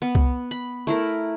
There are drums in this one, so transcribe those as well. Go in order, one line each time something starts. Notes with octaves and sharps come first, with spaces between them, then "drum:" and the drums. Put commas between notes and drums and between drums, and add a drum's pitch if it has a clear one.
B3
drum: kick C2
B5
A3 E4 A#4